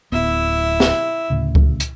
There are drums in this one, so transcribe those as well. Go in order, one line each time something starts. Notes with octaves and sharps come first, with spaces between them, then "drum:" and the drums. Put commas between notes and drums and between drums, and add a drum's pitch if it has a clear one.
D1 B3 E4 E5
drum: snare
D2 A2 C#3
drum: kick C#2
drum: hi-hat